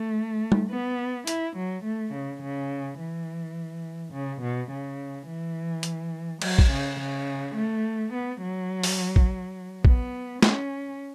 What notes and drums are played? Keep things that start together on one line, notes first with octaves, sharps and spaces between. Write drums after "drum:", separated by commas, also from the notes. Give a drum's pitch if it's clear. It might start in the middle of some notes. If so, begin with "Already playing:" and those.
Already playing: A3
drum: tom G3
B3
E4, drum: hi-hat
F#3
A3
C#3
C#3
E3
C#3
B2
C#3
E3
drum: hi-hat
F#3, drum: cymbal
drum: kick
C#3
C#3
A3
B3
F#3
drum: open hi-hat
drum: kick
B3, drum: kick
C#4, drum: snare